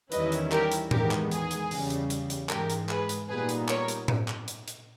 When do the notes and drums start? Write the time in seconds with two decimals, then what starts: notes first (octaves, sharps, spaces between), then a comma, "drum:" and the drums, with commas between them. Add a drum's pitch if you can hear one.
0.12 E2 D#3 G3 C#4 E4 B4 D#5, drum: hi-hat
0.32 drum: hi-hat
0.52 G4 A#4, drum: clap
0.72 drum: hi-hat
0.91 E2 D#3 G#3 B3 G4 A#4, drum: tom A2
1.11 drum: clap
1.31 G#4, drum: hi-hat
1.51 drum: hi-hat
1.71 E2 C#3 G3, drum: open hi-hat
1.90 drum: hi-hat
2.10 drum: hi-hat
2.30 drum: hi-hat
2.49 G#2 E3 G#3 G4 A#4, drum: clap
2.70 drum: hi-hat
2.89 G#4 B4, drum: clap
3.09 drum: hi-hat
3.29 A#2 G3 B3 D#4 G#4 B4
3.49 drum: hi-hat
3.69 A#4 C#5, drum: clap
3.88 drum: hi-hat
4.08 drum: tom A2
4.28 drum: clap
4.48 drum: hi-hat
4.68 drum: hi-hat